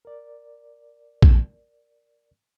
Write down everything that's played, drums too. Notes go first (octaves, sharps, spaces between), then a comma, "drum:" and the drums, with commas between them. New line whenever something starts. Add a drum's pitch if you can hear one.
A#4 D5
drum: kick A#1